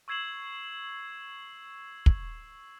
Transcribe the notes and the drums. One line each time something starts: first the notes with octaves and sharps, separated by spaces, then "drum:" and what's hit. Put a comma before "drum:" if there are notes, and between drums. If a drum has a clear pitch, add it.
C#6 E6 G#6 C7 E7 F#7
drum: kick